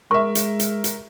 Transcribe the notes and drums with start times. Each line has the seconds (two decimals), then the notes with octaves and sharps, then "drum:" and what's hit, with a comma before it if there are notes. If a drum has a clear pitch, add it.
0.11 G#3 A#4 E5 C#6
0.35 drum: hi-hat
0.60 drum: hi-hat
0.84 drum: hi-hat